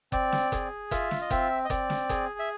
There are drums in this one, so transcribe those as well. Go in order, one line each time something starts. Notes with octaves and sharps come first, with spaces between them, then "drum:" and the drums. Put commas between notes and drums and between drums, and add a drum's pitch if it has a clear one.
C4 D5, drum: kick F#1
drum: snare
G#4, drum: kick F#1, hi-hat
F4 E5, drum: kick F#1, hi-hat
drum: snare
D#5
C4 E5, drum: kick F#1, hi-hat
D#5
C4 D5, drum: kick F#1, hi-hat
drum: snare
G#4, drum: kick F#1, hi-hat
E5